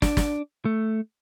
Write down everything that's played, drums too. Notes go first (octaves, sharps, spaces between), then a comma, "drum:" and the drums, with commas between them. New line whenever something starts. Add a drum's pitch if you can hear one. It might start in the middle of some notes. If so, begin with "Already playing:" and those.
D4, drum: snare
drum: snare
A3